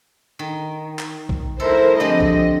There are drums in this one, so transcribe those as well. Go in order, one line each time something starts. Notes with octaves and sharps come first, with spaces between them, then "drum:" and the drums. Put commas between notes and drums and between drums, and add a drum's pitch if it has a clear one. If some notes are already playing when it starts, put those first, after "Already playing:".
D#3
drum: clap
drum: kick
E4 A4 A#4 C5
D3 F3 C4 G4 G#4 D#5
drum: kick